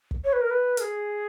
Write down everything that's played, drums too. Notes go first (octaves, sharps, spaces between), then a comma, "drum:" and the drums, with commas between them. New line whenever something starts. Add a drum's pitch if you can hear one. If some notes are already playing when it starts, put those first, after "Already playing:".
drum: kick
C#5
B4
A#4
B4
A#4, drum: hi-hat
G#4